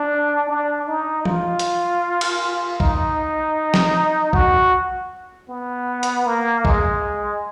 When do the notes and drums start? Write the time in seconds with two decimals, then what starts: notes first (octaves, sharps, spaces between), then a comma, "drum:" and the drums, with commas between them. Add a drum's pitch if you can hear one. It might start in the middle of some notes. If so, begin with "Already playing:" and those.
Already playing: D4
0.49 D4
0.87 D#4
1.25 F4, drum: tom E3
1.59 drum: hi-hat
2.21 drum: cymbal
2.80 D#4, drum: kick
3.74 drum: snare
4.33 F#4, drum: kick
5.49 B3
6.03 drum: hi-hat
6.26 A#3
6.65 G#3, drum: kick